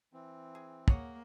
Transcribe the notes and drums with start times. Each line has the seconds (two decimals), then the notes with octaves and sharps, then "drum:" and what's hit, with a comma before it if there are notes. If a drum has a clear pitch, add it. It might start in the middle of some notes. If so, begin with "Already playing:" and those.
0.13 E3 C4
0.55 G#4
0.88 A#3 G#4 C#5 F#5, drum: kick